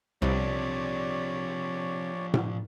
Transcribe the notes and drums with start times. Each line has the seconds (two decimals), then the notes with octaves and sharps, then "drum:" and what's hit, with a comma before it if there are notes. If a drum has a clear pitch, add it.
0.22 C2 C3 F3 D4 C#5 D5
2.34 drum: tom A2